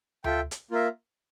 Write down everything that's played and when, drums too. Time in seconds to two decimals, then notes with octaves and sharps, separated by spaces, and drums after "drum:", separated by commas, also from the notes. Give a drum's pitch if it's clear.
0.24 F4 A4 E5 G5, drum: tom D2
0.51 drum: hi-hat
0.71 A#3 F4 A#4 E5